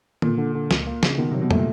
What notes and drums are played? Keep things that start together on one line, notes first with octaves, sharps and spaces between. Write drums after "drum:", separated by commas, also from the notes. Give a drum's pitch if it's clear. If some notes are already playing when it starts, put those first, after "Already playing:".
A#2 D3, drum: tom D#3
D3
D3
C#2, drum: snare
A#3
C#3, drum: snare
B2 D#3
C3 F#3
B2
A#2 A3, drum: tom